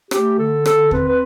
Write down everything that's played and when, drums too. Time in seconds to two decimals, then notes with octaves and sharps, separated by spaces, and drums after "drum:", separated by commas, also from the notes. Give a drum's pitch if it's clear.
0.11 A3 G4, drum: rim click
0.38 D3 A4
0.66 D3 A4, drum: rim click
0.91 C4 B4, drum: kick
1.08 B4